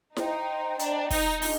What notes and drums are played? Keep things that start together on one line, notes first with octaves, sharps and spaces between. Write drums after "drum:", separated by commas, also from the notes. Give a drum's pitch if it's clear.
D#4 C5 D#5 G5 A#5, drum: snare E4
D4, drum: hi-hat
D#4, drum: kick, open hi-hat
D4 F4 G#4 D#5, drum: open hi-hat